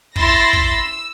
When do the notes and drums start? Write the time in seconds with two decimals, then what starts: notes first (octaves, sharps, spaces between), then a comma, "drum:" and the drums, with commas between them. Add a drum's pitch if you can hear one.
0.16 E4 B5 C6 E6 A6 A#6, drum: kick
0.53 drum: kick
0.71 E6